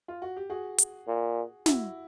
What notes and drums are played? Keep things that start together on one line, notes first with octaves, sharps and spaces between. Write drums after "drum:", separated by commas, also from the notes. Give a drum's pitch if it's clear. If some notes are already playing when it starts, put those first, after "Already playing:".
F4
F#4
G4
F#4 G#4
drum: hi-hat
A#2
E4 F#4, drum: snare